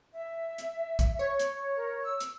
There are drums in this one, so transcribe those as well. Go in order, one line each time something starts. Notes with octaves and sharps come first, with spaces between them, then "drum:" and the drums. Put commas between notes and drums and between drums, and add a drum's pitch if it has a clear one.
E5
drum: hi-hat
drum: kick, hi-hat
C#5
drum: hi-hat
A#4
E6
drum: hi-hat